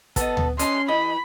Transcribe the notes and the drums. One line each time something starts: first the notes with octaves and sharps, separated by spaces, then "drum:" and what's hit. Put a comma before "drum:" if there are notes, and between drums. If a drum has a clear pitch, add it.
B3 D#4 A4, drum: kick, hi-hat
drum: tom D2
C#4 D#4 A4 B4 C6, drum: hi-hat
E3 D#5 B5